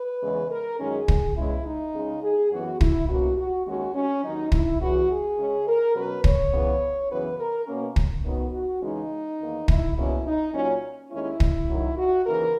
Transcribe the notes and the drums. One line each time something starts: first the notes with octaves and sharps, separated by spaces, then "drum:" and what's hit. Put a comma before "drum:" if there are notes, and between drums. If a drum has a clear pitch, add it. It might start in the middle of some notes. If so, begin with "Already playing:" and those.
Already playing: B4
E2 C#3 E3 G#3
A#4
F#2 D#3 G#3 C#4 G#4
drum: kick
E2 C#3 G#3 E4
D#4
C#3 G#3 C#4
G#4
F#2 E3 B3 F#4
E4, drum: kick
B2 A#3 C#4 F#4
F#4
D#2 D#3 G#3 C#4 F#4
C#4
D#2 D#3 F#3 D#4
E4, drum: kick
E2 C#3 E3 F#4
G#4
C#3 G#3 C#4
A#4
B2 F#3 C#4 B4
C#5, drum: kick
C#3 E3 B3
F#2 C#3 E3 B3 B4
A#4
B2 A#3 C#4
drum: kick
F#2 D#3 F#3 B3
F#4
C#3 E3 G#3 C#4 D#4
E2 D#3 A#3
E4, drum: kick
E2 B2 A#3 C#4 E4
D#4
A#2 F#3 C#4
D#2 D#3 G#3 C#4 E4
drum: kick
F#2 D#3 F#3
F#4
D#2 C#3 E3 A#4